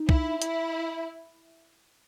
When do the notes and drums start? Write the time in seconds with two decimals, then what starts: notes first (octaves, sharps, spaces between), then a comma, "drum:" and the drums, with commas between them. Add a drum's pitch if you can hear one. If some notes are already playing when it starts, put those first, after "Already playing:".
Already playing: D#4
0.09 E4, drum: kick
0.42 E4, drum: hi-hat